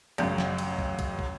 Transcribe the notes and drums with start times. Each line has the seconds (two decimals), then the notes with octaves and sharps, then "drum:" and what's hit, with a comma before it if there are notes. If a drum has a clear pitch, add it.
0.18 A1 F#2 C#3, drum: cymbal
0.38 drum: snare
0.58 drum: cymbal
0.79 drum: kick
0.99 drum: kick, cymbal
1.19 drum: kick